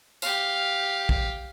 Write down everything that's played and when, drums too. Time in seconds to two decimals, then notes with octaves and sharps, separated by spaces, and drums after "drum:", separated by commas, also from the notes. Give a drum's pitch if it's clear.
0.22 G4 F5, drum: tambourine
1.09 drum: kick